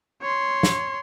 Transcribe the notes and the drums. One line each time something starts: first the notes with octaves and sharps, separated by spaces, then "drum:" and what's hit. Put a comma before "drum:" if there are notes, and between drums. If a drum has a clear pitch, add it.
C#5 C6
drum: snare